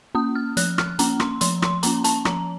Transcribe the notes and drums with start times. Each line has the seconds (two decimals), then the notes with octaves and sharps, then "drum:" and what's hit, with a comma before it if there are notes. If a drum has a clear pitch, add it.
0.15 A#3 C#4 D#6
0.35 F6
0.57 F3 F#6, drum: hi-hat
0.78 F6, drum: rim click
0.99 A#3 C#4 A#5, drum: hi-hat
1.20 C6, drum: rim click
1.41 F3 C6, drum: hi-hat
1.62 C6, drum: rim click
1.83 A#3 C#4 A#5, drum: hi-hat
2.04 A5, drum: hi-hat
2.25 F3 A#5, drum: rim click